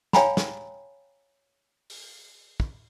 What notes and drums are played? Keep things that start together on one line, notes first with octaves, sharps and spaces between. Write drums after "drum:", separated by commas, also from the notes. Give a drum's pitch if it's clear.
C#5 F5 G5 G#5 A#5 B5, drum: snare
drum: snare
drum: open hi-hat
drum: kick